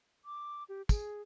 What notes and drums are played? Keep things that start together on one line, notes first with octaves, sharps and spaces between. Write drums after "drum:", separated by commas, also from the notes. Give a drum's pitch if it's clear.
D6
G4
G#4, drum: kick, tambourine